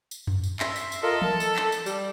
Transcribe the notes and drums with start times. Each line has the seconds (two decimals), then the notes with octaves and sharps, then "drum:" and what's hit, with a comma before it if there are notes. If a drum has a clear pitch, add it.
0.11 drum: tambourine
0.27 drum: tom F2
0.44 drum: tambourine
0.60 E5 C6, drum: clap
0.76 drum: tambourine
0.92 drum: tambourine
1.03 F4 A4 A#4 D#5
1.22 A5, drum: tom
1.40 drum: tambourine
1.56 drum: clap
1.72 drum: tambourine
1.86 G3, drum: tambourine